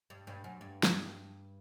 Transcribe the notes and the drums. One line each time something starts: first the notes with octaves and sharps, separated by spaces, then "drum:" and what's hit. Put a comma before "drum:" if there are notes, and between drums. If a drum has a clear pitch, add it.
G2
G2
F#2
G2
drum: snare